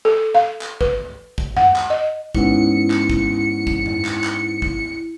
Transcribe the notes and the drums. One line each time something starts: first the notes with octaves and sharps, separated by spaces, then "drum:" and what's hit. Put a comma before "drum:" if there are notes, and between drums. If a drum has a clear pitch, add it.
A4
F5
drum: clap
B4, drum: kick
drum: kick
F#5, drum: tom F#2
drum: clap
D#5
G#2 B3 C#4 E4 C#7, drum: kick
drum: clap
drum: kick
drum: kick
drum: tom F#2
drum: clap
drum: clap
drum: kick